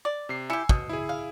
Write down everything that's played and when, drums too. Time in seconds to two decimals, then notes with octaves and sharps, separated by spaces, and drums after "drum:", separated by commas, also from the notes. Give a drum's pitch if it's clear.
0.05 D5
0.29 C3 C7
0.50 E4 G4 G#5 E6 C#7
0.69 B2 D#6, drum: kick
0.89 E4 G#4
1.09 F5